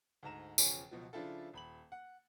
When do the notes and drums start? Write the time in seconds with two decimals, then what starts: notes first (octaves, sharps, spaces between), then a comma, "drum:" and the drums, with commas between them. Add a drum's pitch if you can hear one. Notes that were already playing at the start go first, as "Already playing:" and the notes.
0.23 D2 G#2 A#5 E7
0.58 E1 C#3 F3 C#5 G#5, drum: tambourine
0.91 C#2 B2 F3 F#3
1.13 C#3 F3 D4 E4 F4 A4
1.53 D#1 B5 F#7
1.92 F#5